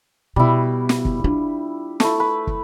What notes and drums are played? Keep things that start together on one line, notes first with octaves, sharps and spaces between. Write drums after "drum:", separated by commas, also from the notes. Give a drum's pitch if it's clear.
B2 G3 E4
drum: snare
drum: kick
D4 F4
A3 E4, drum: snare
B4
drum: kick